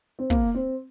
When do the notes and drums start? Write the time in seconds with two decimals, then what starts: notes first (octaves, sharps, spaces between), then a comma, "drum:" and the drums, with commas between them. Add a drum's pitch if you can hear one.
0.19 C4
0.30 A#3, drum: kick
0.54 C4